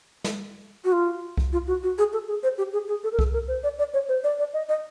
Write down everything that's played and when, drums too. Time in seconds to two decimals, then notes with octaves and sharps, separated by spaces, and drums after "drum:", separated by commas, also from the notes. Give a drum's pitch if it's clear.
0.24 drum: snare
0.84 F#4
0.92 F4
1.37 drum: kick C2
1.53 F4
1.67 F#4
1.83 F#4
1.98 G#4
2.13 A4
2.28 G#4
2.43 C5
2.58 G4
2.73 G#4
2.88 G#4
3.04 A4
3.12 A#4
3.19 A4, drum: kick C2
3.33 A#4
3.48 C5
3.64 D5
3.79 D5
3.94 C#5
4.09 C5
4.24 D5
4.39 D5
4.54 D#5
4.69 D#5